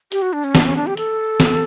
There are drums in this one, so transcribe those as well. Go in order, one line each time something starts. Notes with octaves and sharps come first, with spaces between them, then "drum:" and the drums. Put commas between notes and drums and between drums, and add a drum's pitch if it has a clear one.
G4, drum: hi-hat
F#4
D4
C#4
D4, drum: snare
C#4
D4
G4
A4, drum: hi-hat
drum: snare